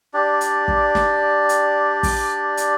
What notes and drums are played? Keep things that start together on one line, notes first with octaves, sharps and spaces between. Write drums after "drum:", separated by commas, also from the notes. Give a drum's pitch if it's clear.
D4 G4 D5
drum: hi-hat
drum: kick
drum: snare
drum: hi-hat
drum: kick, open hi-hat
drum: hi-hat